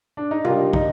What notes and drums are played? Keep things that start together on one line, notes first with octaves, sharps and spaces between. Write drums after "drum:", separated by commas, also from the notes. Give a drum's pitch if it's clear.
D4
D#4
G3 D4 F4 G4 A#4 D#5, drum: tom C3
D#4, drum: kick